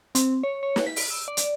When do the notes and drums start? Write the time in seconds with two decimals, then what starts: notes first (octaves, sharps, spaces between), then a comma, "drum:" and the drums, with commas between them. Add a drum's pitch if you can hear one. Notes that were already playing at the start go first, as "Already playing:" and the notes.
0.15 C4, drum: hi-hat
0.44 C#5
0.63 C#5
0.76 drum: snare
0.87 B6
0.96 drum: open hi-hat
1.10 E6
1.28 D5
1.37 drum: hi-hat